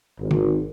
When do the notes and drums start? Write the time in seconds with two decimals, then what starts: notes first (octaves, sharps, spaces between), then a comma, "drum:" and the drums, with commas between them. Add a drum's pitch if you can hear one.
0.21 G#1
0.31 drum: tom